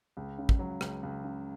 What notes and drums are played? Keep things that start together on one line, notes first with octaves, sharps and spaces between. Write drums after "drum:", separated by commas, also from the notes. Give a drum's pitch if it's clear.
C#2
C#3
drum: kick
F#3
C#2, drum: rim click
C#2
C#3